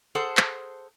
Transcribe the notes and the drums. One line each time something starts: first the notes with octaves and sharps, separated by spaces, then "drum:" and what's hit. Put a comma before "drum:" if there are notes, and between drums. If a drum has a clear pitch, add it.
G#4 A4 C5 F#5
drum: clap